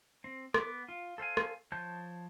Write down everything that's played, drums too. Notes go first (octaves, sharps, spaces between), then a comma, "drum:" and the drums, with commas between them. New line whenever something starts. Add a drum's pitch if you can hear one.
C4
B3 D6, drum: rim click
F4
A4 C5 F5 G#5
drum: rim click
F3 C5 C#5 A5 G6